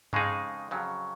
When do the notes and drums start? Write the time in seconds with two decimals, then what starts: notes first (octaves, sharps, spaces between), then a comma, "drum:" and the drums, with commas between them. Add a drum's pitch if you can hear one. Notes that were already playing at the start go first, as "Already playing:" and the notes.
0.13 F2 C#3 G#3 D#4 G#4, drum: tom G2
0.71 F2 C#3 F#3